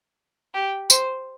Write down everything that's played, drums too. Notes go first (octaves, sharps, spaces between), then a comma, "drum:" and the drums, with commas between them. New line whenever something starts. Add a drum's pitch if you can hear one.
G4
C5, drum: tambourine